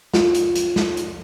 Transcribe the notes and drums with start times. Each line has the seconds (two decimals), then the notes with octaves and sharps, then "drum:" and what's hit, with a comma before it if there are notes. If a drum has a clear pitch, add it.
0.14 F4, drum: snare
0.34 drum: hi-hat
0.55 drum: hi-hat
0.76 drum: snare
0.97 drum: hi-hat